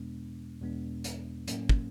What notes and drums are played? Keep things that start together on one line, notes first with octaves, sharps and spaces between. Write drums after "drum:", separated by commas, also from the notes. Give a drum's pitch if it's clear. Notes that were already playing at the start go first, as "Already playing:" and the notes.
Already playing: E2 B2 G#3 B3 D4
E2 B2 G#3 B3 D4
drum: hi-hat
A2 F#3 A#3 C#4, drum: hi-hat
drum: kick